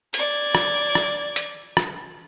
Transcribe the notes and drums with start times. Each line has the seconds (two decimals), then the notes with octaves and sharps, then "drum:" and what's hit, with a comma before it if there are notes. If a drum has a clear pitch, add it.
0.14 D5 G#6, drum: hi-hat
0.55 drum: rim click
0.95 drum: rim click
1.36 drum: hi-hat
1.77 drum: rim click